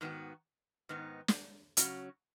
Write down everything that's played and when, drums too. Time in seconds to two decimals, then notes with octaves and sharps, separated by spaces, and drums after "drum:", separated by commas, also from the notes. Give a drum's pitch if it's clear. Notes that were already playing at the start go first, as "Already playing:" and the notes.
0.01 G#2 D#3 B3 F#4
0.89 G#2 D#3 B3 D#4
1.28 drum: snare
1.77 C#3 F#3 C#4 F#4, drum: hi-hat